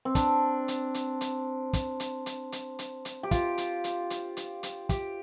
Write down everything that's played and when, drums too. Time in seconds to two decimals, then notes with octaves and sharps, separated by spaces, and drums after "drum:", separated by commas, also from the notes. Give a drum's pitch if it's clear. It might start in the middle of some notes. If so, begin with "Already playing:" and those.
0.05 C4
0.15 D4, drum: kick, hi-hat
0.68 drum: hi-hat
0.94 drum: hi-hat
1.21 drum: hi-hat
1.73 drum: kick, hi-hat
2.00 drum: hi-hat
2.26 drum: hi-hat
2.52 drum: hi-hat
2.79 drum: hi-hat
3.05 drum: hi-hat
3.23 G4
3.31 F4, drum: kick, hi-hat
3.58 drum: hi-hat
3.84 drum: hi-hat
4.10 drum: hi-hat
4.37 drum: hi-hat
4.63 drum: hi-hat
4.89 G4, drum: kick, hi-hat